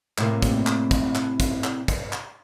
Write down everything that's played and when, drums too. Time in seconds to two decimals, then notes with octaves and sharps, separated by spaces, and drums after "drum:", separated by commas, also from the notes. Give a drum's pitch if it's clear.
0.18 A2 C3 A#3, drum: clap
0.42 drum: kick, hi-hat
0.67 drum: clap
0.91 drum: kick, hi-hat
1.15 drum: clap
1.40 drum: kick, hi-hat
1.64 drum: clap
1.88 drum: kick, hi-hat
2.13 drum: clap